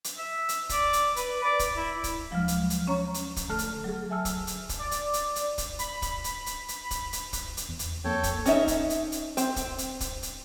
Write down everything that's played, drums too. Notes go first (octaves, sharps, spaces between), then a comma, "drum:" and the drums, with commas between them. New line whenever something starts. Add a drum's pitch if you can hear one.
drum: hi-hat
E5
drum: hi-hat
D5, drum: kick, hi-hat
drum: hi-hat
B4, drum: hi-hat
D5
drum: kick, hi-hat
E4
drum: kick, hi-hat
D2 F3 F#3 G#3 F6
drum: hi-hat
drum: hi-hat
C#4 C#5 A#5 C#6
drum: hi-hat
drum: kick, hi-hat
D3 A3 A4 F6
drum: hi-hat
F#3 G#4
E5 G#5 A5 E6 F6
drum: kick, hi-hat
drum: hi-hat
drum: kick, hi-hat
D5
drum: hi-hat
drum: hi-hat
drum: hi-hat
drum: kick, hi-hat
B5, drum: hi-hat
drum: kick, hi-hat
drum: hi-hat
drum: hi-hat
drum: hi-hat
drum: kick, hi-hat
drum: hi-hat
F#6, drum: kick, hi-hat
drum: hi-hat
E2
drum: hi-hat
F2 A#3 A4 C#5 G5
drum: kick, hi-hat
C#4 D#4 E5, drum: hi-hat
drum: kick, hi-hat
drum: hi-hat
drum: hi-hat
C4, drum: hi-hat
drum: kick, hi-hat
drum: hi-hat
drum: kick, hi-hat
drum: hi-hat